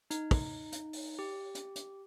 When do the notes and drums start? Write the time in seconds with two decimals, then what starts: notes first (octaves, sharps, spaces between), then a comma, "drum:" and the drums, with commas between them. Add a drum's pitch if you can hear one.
0.10 D#4, drum: hi-hat
0.31 drum: kick, open hi-hat
0.72 drum: hi-hat
0.93 drum: open hi-hat
1.19 G4
1.55 drum: hi-hat
1.76 drum: hi-hat